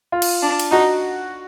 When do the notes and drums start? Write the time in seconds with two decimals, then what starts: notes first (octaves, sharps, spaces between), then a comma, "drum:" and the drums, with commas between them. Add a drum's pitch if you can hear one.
0.12 F4
0.22 drum: cymbal
0.42 D4
0.60 drum: cymbal
0.71 D#4 F#4